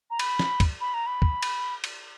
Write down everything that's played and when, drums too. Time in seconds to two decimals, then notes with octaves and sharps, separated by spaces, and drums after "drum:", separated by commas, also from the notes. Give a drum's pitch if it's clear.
0.11 A#5
0.19 B5, drum: cymbal
0.39 drum: snare
0.60 drum: kick, cymbal
0.81 B5
0.94 A#5
1.07 B5
1.22 drum: kick
1.43 drum: cymbal
1.84 drum: cymbal